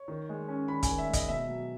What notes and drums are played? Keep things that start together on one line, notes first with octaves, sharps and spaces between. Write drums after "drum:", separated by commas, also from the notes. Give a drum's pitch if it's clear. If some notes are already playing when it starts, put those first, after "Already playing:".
Already playing: C#5
D#3
G#3
C#4
D#3 B5
G#5, drum: kick, hi-hat
D#3
E5
G#3
D#5, drum: kick, hi-hat
B2 E5
F#3